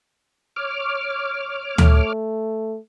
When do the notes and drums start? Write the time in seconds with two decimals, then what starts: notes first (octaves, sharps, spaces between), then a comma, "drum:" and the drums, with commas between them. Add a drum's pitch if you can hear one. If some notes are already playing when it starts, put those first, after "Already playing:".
0.56 C#5 D6 F6
1.78 A3, drum: tom D2